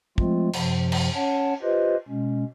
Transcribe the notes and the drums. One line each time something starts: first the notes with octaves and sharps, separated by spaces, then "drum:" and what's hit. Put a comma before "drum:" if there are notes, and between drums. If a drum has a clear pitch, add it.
F3 G#3 A3 C4 F4, drum: kick
F#2 C3 F3, drum: cymbal
drum: cymbal
C#4 C#5 F#5 A5
F4 G4 B4 C5 D#5
B2 G#3 C#4